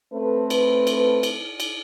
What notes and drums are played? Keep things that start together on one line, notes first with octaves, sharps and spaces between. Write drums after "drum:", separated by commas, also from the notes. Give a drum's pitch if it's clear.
A3 C4 A4 B4
drum: cymbal
drum: cymbal
drum: cymbal
drum: cymbal